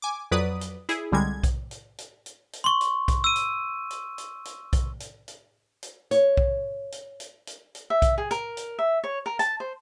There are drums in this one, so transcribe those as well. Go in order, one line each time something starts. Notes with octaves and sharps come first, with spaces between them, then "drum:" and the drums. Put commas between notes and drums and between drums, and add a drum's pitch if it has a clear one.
G#5 D6
F2 F#3 B4 D5 D#6
drum: hi-hat
E4 G#4, drum: hi-hat
C2 D3 G3 G#3 G#6
drum: kick B1, hi-hat
drum: hi-hat
drum: hi-hat
drum: hi-hat
drum: hi-hat
C6 C#6
drum: hi-hat
drum: kick B1, hi-hat
E6 D#7
drum: hi-hat
drum: hi-hat
drum: hi-hat
drum: hi-hat
drum: kick B1, hi-hat
drum: hi-hat
drum: hi-hat
drum: hi-hat
C#5, drum: hi-hat
drum: kick B1
drum: hi-hat
drum: hi-hat
drum: hi-hat
drum: hi-hat
E5
drum: kick B1, hi-hat
G#4
A#4, drum: hi-hat
drum: hi-hat
E5
C#5
A#4
A5, drum: hi-hat
C5